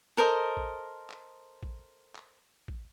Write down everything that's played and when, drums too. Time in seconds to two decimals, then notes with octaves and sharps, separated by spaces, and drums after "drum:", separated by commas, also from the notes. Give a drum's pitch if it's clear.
0.17 A4 A#4 C5 D#5
0.57 drum: kick
1.10 drum: clap
1.63 drum: kick
2.15 drum: clap
2.68 drum: kick